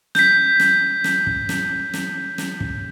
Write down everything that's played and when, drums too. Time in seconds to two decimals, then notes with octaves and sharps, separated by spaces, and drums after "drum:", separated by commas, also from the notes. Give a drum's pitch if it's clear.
0.15 G6 B6, drum: snare
0.60 drum: snare
1.04 drum: snare
1.27 drum: kick
1.49 drum: snare
1.93 drum: snare
2.38 drum: snare
2.60 drum: kick